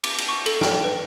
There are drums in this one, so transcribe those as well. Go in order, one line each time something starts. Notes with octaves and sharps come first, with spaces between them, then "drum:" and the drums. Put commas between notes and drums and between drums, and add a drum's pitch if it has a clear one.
D6, drum: cymbal
drum: cymbal
C#6
A4, drum: cymbal
G5, drum: snare
B4